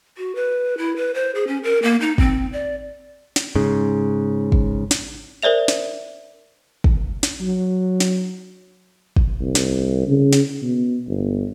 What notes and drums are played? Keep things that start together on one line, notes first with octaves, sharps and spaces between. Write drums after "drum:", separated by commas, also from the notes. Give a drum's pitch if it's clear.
F#4
B4
E4
B4
C5
G#4
C#4
A#4
A#3
D#4
C4, drum: kick
D5
drum: snare
G#2 C#3
drum: kick
drum: snare
A#4 C5 D5 E5 F7
drum: snare
drum: kick
drum: snare
F#3
drum: snare
drum: kick
C2
drum: snare
C#3
drum: snare
B2
G1